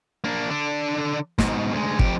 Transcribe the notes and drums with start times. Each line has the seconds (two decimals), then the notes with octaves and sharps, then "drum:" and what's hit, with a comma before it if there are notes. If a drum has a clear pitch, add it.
0.24 A#3 D4
0.49 D3 D4
1.38 G#2 B2, drum: snare
1.72 D2 G#3
1.99 F2 G4, drum: kick